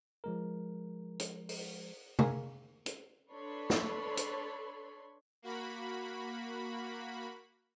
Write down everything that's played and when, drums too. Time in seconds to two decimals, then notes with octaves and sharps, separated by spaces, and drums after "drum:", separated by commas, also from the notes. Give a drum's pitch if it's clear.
0.24 F3 G#3 A#4
1.20 drum: hi-hat
1.49 drum: open hi-hat
2.19 A#3 G#4 A#4, drum: tom C3
2.86 drum: hi-hat
3.32 D4 A4 B4 C#5 B5 C6
3.70 drum: snare
4.17 drum: hi-hat
5.42 A#3 F#4 B5